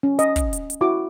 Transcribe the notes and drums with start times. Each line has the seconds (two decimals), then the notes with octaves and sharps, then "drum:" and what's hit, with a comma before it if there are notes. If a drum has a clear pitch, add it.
0.03 C#4
0.19 D#5, drum: hi-hat
0.36 drum: kick, hi-hat
0.53 drum: hi-hat
0.70 drum: hi-hat
0.81 E4 F#4 D6